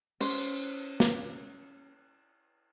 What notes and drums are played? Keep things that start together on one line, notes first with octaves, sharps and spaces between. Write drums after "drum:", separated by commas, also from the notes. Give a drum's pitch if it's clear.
C#4 C5, drum: cymbal
drum: snare